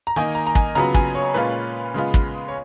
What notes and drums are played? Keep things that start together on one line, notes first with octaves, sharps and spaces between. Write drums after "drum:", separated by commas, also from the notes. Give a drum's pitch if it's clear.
A#5
D#3 A#3 D#4 G#5
A#5
A#5
G#5, drum: kick
C#3 F#3 B3 F4 A#5
G#5, drum: kick
C#5
A#2 G#3 C#4 F4 B4
C#3 G#3 B3 F4
drum: kick
C#5